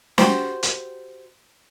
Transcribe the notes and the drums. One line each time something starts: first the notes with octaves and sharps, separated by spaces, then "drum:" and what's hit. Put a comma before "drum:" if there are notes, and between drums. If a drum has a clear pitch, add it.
F#4 G4 C5, drum: snare
drum: hi-hat